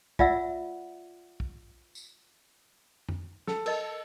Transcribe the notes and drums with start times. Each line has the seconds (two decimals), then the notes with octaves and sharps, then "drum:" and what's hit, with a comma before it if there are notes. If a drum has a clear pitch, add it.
0.19 F4 D5 E5 F#5 E6, drum: kick
1.40 drum: kick
1.95 drum: tambourine
3.09 drum: tom F2
3.47 A4, drum: snare
3.66 A#4 D#5 A5, drum: cymbal